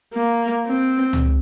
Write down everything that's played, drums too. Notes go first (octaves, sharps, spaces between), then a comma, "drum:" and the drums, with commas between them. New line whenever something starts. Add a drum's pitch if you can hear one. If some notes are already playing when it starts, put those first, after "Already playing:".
A#3
C4
drum: tom C#2